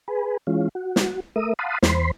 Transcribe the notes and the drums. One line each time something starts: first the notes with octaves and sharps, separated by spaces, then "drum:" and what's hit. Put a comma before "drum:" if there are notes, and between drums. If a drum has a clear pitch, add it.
G#4 B4
E3 G#3 C#4 F4
F#4
drum: snare
A3 A#4 E5 D#6
F5 F#5 A5 B5 C6 D#6
E2 C5 B5 C6, drum: snare